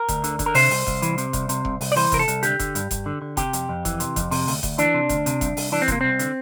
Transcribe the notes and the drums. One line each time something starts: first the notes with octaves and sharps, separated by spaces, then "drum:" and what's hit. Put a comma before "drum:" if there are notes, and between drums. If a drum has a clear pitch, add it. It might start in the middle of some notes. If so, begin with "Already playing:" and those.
Already playing: A#4
D2, drum: kick F1, hi-hat
D3, drum: hi-hat
D3, drum: kick F1, hi-hat
A#4
C3 C5, drum: open hi-hat
C2, drum: open hi-hat
C2, drum: kick F1, hi-hat
E3, drum: hi-hat
C3, drum: hi-hat
C2, drum: kick F1, hi-hat
C3, drum: hi-hat
C2, drum: kick F1
C2, drum: open hi-hat
D5
E3 C5, drum: open hi-hat
C3 A#4, drum: kick F1, hi-hat
A4
C2, drum: hi-hat
D3 G4, drum: hi-hat
D3, drum: kick F1, hi-hat
G2, drum: hi-hat
G2, drum: kick F1, hi-hat
D3
D3
C3 G4, drum: kick F1, hi-hat
F2, drum: hi-hat
F2
E3, drum: kick F1, hi-hat
C3, drum: hi-hat
F2, drum: kick F1, hi-hat
C3, drum: open hi-hat
D2, drum: open hi-hat
D2, drum: kick F1, hi-hat
E3 D4, drum: hi-hat
C3
D2, drum: kick F1, hi-hat
C3, drum: hi-hat
C2, drum: kick F1, hi-hat
C2, drum: open hi-hat
E3 D4
C4
C3 A#3, drum: kick F1, hi-hat
C2 C4
D3, drum: hi-hat